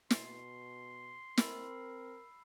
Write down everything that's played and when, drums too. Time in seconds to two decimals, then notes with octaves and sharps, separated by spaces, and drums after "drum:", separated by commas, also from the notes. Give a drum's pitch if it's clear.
0.10 B2 C6, drum: snare
1.37 C4 A#4 B5 E6 C7, drum: snare